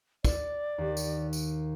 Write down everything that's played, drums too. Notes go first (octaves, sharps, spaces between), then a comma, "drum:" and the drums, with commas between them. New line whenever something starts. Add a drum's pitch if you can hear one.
D5, drum: kick, tambourine
D#2
drum: tambourine
drum: tambourine